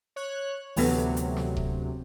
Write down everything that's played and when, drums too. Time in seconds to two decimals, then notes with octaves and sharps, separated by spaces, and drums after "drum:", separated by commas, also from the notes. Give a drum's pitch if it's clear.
0.16 C#5 F#6
0.77 D2 C3 E3 F#3 A3 B3, drum: open hi-hat
1.17 drum: hi-hat
1.37 drum: snare
1.57 drum: kick D#1